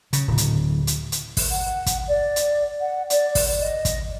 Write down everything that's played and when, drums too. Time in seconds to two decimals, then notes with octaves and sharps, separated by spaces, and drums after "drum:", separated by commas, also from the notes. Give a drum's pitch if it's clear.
0.13 C#3, drum: hi-hat
0.28 D1
0.38 drum: hi-hat
0.87 drum: hi-hat
1.12 drum: hi-hat
1.37 drum: kick, open hi-hat
1.51 F#5
1.86 drum: kick, hi-hat
2.08 D5
2.36 drum: hi-hat
2.80 F#5
3.10 D5, drum: hi-hat
3.35 drum: kick, open hi-hat
3.61 D#5
3.85 drum: kick, hi-hat